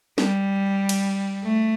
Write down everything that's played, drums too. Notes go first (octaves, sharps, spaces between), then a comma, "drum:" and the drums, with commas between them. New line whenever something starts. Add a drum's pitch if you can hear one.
G3, drum: snare
drum: cymbal
A3